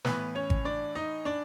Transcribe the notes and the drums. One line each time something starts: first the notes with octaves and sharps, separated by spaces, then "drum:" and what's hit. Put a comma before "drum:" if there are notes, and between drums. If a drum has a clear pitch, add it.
A2 E3 B3 B4, drum: snare
C#4 C#5
drum: kick G#1
D4 D5
D#4 D#5
D4 D5